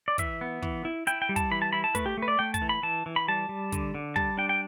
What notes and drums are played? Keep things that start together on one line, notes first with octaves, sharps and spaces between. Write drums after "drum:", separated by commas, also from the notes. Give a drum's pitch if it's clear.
D5
E3 E5, drum: kick, hi-hat
B3
E3, drum: kick
E4
E4 G5, drum: hi-hat
G5
G3
A5, drum: kick, hi-hat
E3 B5
A5
E4 B5
A5
A3 B4, drum: kick, hi-hat
G4
A3 B4
D5
A3 G5
A5, drum: kick, hi-hat
E3
B5
E3 A5
E3
B5
G3 A5
G3
D3, drum: kick, hi-hat
D3
G3 A5, drum: kick
D4 G5
G5